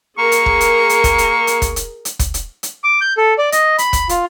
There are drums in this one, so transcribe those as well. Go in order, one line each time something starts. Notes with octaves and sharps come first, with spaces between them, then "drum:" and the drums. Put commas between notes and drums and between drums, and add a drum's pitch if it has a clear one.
A#3 G#4 A#4 C#6
drum: hi-hat
drum: kick
drum: hi-hat
drum: hi-hat
drum: kick, hi-hat
drum: hi-hat
drum: hi-hat
drum: kick, hi-hat
drum: hi-hat
drum: hi-hat
drum: kick, hi-hat
drum: hi-hat
drum: hi-hat
D6
G6
A4
D5
D#5, drum: hi-hat
B5, drum: hi-hat
drum: kick, hi-hat
F4, drum: hi-hat